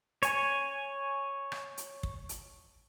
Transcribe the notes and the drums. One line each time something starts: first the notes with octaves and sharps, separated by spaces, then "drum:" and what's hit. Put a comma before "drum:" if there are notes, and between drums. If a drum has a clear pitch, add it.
C#5 G#5, drum: hi-hat
drum: rim click
drum: hi-hat
drum: kick
drum: hi-hat